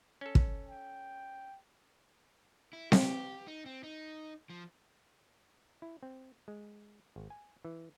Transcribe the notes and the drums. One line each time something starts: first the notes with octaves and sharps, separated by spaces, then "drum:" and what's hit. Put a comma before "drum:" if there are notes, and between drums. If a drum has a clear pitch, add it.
C#4 A4
drum: kick
G5
E4
G4, drum: snare C4
D#4
C4
D#4
F3
E4
C4
G#3
G#1
G#5
E3